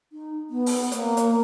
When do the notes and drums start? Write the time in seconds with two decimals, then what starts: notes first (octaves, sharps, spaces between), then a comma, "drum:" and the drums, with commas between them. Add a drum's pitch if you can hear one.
0.12 D#4
0.50 B3
0.66 drum: open hi-hat
0.92 A#3, drum: hi-hat
1.17 drum: hi-hat